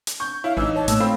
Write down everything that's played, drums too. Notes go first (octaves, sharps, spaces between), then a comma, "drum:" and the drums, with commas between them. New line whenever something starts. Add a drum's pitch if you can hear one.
drum: hi-hat
C#6 G6
E4 C#5 F5
A1 E3 D#4 E6
C#5 A5
A2 A3 A#3 E6, drum: hi-hat
C4 F4 A4 F5 B5